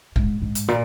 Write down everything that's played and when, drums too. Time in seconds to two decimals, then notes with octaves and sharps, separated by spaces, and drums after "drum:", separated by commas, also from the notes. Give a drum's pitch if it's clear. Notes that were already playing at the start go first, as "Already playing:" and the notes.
0.16 G#2, drum: kick
0.42 G#2
0.55 drum: hi-hat
0.68 A#2